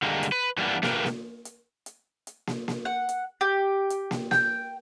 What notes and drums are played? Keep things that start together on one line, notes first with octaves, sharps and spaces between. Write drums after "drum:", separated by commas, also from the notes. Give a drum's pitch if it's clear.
D3 G3 G#3 A#3
drum: hi-hat
B4
E3 G3 A#3 B3 D4
A3 A#3 G4 A#4 B4, drum: snare
drum: snare
drum: hi-hat
drum: hi-hat
drum: hi-hat
drum: snare
drum: snare
F#5
drum: hi-hat
G4
drum: hi-hat
drum: snare
G5, drum: snare